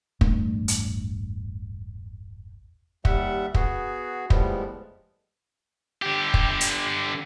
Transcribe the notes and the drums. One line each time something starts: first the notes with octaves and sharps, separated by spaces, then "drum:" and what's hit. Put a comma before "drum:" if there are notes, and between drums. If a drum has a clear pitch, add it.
E1 A1 G2 A3, drum: kick
drum: hi-hat
D#2 G3 E5 F#5, drum: kick
B3 F#4 G#4, drum: kick
A2 F3 G3 G#3 B3, drum: kick
D3 G4
drum: kick
drum: hi-hat